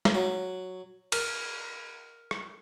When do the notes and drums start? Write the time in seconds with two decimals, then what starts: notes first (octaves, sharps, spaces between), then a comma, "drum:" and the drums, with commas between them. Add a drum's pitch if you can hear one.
0.05 drum: snare
0.14 F#3
1.12 A#4, drum: cymbal
2.31 drum: rim click